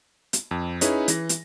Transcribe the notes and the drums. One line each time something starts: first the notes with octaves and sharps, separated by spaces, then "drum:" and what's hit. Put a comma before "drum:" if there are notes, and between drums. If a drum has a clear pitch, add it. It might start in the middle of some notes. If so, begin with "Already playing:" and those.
drum: hi-hat
F2
C#4 D#4 E4 G#4 B4 C#5, drum: hi-hat
E3 A#6, drum: hi-hat
drum: hi-hat